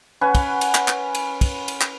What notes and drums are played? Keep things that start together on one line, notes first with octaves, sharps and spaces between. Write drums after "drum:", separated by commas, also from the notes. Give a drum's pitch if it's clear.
C#4 B4 F#5
drum: kick, cymbal
drum: cymbal
drum: clap
drum: clap
drum: cymbal
drum: kick, cymbal
drum: cymbal
drum: clap